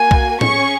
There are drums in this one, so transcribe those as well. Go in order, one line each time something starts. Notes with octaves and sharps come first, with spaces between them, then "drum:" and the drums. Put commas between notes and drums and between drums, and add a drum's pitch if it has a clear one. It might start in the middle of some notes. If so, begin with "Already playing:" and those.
Already playing: A#3 F#4 G#5
drum: kick B1
C#4 G#4 C#6, drum: tom A2